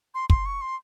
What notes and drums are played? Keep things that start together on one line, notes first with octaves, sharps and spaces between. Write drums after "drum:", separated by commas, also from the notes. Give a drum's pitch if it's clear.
C6
C6, drum: kick
C#6
C6